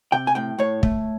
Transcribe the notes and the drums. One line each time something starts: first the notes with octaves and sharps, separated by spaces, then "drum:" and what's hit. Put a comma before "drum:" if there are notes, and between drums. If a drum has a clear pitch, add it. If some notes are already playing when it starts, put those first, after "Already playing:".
C3 G5
G#5
A2 G5
A2 C#5
A3, drum: kick